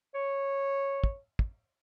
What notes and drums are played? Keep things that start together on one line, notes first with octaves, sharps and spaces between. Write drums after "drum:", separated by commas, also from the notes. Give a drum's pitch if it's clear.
C#5
drum: kick
drum: kick